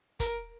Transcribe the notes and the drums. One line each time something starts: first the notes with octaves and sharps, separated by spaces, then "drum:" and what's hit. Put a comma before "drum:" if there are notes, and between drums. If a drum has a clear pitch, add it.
A#4, drum: kick, hi-hat